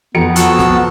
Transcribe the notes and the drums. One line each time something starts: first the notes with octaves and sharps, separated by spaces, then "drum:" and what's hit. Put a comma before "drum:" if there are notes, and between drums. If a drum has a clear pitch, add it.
F2 B3 A#5 C#7
F3 F#4 A5 E6, drum: hi-hat
drum: snare